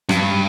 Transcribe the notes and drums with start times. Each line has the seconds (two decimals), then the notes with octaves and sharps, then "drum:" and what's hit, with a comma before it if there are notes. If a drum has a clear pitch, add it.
0.09 G2, drum: rim click